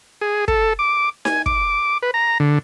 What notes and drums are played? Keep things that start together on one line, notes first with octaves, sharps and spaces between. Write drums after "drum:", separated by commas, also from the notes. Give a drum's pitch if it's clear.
G#4
A4, drum: kick
D6
G#5, drum: snare D#4
D6, drum: kick
B4
A#5
D3